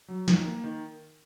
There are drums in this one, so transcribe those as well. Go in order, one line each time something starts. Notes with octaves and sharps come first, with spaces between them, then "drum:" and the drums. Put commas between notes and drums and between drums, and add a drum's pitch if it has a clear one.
F#3
D#3, drum: snare
A#3
D#3